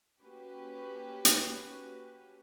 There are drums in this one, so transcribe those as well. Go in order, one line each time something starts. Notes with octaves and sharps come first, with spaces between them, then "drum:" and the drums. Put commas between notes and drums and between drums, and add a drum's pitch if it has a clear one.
A#3 C#4 F#4 G4 B4
drum: hi-hat